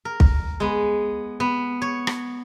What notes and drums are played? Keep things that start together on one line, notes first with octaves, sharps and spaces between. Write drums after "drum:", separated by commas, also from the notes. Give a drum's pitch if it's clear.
A#4
drum: kick
G#3 B3
B3
C#5
drum: rim click